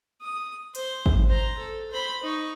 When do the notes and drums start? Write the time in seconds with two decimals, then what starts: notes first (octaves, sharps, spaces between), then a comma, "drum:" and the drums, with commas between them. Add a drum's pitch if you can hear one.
0.21 D#6
0.75 C5, drum: hi-hat
1.06 drum: kick
1.28 C5 A#5
1.58 A4
1.91 C5 B5
2.23 D#4 C#6